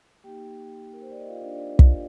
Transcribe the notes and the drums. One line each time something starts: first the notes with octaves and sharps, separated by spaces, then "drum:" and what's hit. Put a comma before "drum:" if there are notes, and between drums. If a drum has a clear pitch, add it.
A#3 D#4 G4 G5
A#4
C5
D5
D#5
F4 F5
D4 D5
D4 D5
D4 D5
F4 F5, drum: kick